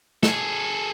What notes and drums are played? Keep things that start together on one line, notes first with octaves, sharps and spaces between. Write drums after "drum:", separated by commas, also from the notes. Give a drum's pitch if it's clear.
G#4 A4, drum: snare